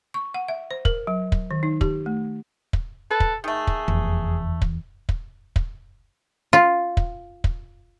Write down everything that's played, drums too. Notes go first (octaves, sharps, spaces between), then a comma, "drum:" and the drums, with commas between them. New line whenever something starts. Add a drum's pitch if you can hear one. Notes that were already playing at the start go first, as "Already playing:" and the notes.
C#6
F#5
E5
C5
A#4, drum: kick
F#3
drum: kick
D#3
D#4
G4, drum: kick
A3
drum: kick
A4 B4
drum: kick
D#3 A3 G#4
drum: kick
F1 E2
drum: kick
drum: kick
drum: kick
F4
drum: kick
drum: kick